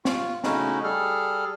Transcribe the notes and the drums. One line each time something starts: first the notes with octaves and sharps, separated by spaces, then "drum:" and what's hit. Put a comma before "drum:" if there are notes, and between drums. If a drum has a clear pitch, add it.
F4 C#6, drum: snare
C#3 A3 C#4 D#4 E4 F#4, drum: snare
G3 G#4 A4 F6